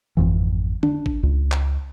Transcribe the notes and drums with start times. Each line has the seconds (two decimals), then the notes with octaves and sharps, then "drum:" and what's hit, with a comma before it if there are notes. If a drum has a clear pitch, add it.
0.17 G#1 F2 E3
0.83 D4, drum: tom D3
1.06 drum: kick G#1
1.23 C#2
1.52 drum: clap